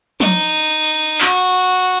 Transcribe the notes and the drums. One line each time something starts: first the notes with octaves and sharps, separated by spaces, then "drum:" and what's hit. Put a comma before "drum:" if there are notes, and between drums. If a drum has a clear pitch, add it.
D#4, drum: tom F3
F#4, drum: clap